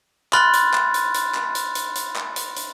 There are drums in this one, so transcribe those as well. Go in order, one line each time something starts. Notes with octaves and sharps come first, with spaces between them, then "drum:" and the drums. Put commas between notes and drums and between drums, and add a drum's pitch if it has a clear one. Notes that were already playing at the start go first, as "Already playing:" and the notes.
B5 C6 F6 F#6 A6, drum: clap
drum: hi-hat
drum: clap
drum: hi-hat
drum: hi-hat
drum: clap
drum: hi-hat
drum: hi-hat
drum: hi-hat
drum: clap
drum: hi-hat
drum: hi-hat